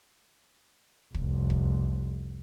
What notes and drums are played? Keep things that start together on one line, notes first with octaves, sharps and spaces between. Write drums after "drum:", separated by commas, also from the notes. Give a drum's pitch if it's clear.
F1 C2, drum: kick
drum: kick